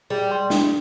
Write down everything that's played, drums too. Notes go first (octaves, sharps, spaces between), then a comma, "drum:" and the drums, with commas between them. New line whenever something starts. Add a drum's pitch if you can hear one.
G3 G#4
D5 G5 C6
D4, drum: snare